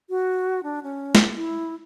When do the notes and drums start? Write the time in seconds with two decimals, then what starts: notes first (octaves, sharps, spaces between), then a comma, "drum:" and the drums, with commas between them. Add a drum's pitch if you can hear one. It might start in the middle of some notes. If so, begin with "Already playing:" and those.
0.10 F#4
0.63 D4
0.83 C#4
1.15 drum: snare
1.36 E4